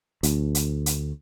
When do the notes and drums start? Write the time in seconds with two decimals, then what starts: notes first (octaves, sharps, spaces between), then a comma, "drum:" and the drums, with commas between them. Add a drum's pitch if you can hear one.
0.23 D2, drum: hi-hat
0.55 drum: hi-hat
0.86 drum: hi-hat